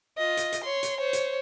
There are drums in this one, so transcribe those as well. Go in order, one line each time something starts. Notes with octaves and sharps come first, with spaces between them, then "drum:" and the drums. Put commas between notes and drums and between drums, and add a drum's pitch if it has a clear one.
F4 D#5
drum: hi-hat
drum: hi-hat
C#5 C6
drum: hi-hat
C5 C#5
drum: hi-hat